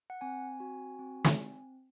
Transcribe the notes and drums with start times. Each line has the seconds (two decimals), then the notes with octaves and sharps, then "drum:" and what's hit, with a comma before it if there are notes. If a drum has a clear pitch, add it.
0.10 F#5
0.21 C4 G#5
0.60 F#4
0.99 C4
1.24 drum: snare
1.39 C4